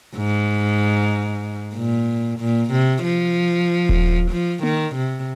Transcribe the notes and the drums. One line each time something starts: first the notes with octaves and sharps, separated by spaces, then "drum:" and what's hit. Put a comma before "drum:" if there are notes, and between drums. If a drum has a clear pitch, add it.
G#2
A#2
A#2
C3
F3
drum: kick D#1
F3
D#3, drum: tom A#3
C3